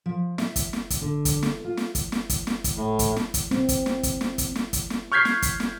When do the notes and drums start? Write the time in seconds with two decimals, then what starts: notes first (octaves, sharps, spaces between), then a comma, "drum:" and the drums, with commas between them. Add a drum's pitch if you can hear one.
0.06 F3
0.38 E5, drum: snare
0.56 drum: kick, hi-hat
0.73 drum: snare
0.90 drum: kick, hi-hat
1.02 D3
1.25 drum: kick, hi-hat
1.43 drum: snare
1.65 F4
1.77 drum: snare
1.95 drum: kick, hi-hat
2.12 drum: snare
2.30 drum: kick, hi-hat
2.47 drum: snare
2.64 drum: kick, hi-hat
2.76 A2
2.99 drum: kick, hi-hat
3.16 drum: snare
3.34 drum: kick, hi-hat
3.51 C4, drum: snare
3.69 drum: kick, hi-hat
3.86 drum: snare
4.03 drum: kick, hi-hat
4.21 drum: snare
4.38 drum: kick, hi-hat
4.55 drum: snare
4.73 drum: kick, hi-hat
4.90 drum: snare
5.12 C#6 F6 G6 G#6 B6 C7
5.25 drum: snare
5.42 drum: kick, hi-hat
5.60 drum: snare